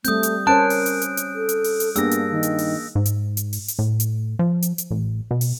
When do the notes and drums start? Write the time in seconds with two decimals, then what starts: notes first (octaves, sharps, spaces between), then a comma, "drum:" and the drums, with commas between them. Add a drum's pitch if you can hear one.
0.05 G3 A3 C4 D#6 G6, drum: hi-hat
0.23 drum: hi-hat
0.47 C#4 A#4 C5 C#5 A5 F#6 D7
0.70 drum: open hi-hat
0.86 drum: hi-hat
1.02 drum: hi-hat
1.17 drum: hi-hat
1.34 A4
1.49 drum: hi-hat
1.64 drum: open hi-hat
1.80 drum: hi-hat
1.96 G2 A#3 B3 D4 G#4 E6 A#6, drum: hi-hat
2.11 drum: hi-hat
2.31 D#3
2.43 drum: hi-hat
2.58 drum: open hi-hat
2.95 G#2
3.06 drum: hi-hat
3.37 drum: hi-hat
3.53 drum: open hi-hat
3.68 drum: hi-hat
3.79 A2
4.00 drum: hi-hat
4.39 F3
4.62 drum: hi-hat
4.78 drum: hi-hat
4.91 A1
5.31 B2
5.41 drum: open hi-hat